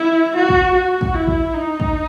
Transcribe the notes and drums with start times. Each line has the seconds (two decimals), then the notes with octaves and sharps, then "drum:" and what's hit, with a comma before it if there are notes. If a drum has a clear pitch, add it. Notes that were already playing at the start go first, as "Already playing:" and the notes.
Already playing: E4
0.36 F#4
0.49 drum: kick
0.74 F#4
1.01 drum: kick
1.14 E4
1.27 drum: kick
1.53 D#4
1.80 drum: kick